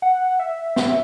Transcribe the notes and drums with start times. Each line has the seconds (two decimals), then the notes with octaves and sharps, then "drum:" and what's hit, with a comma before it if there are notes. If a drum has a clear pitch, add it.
0.02 F#5
0.39 E5
0.76 E5, drum: snare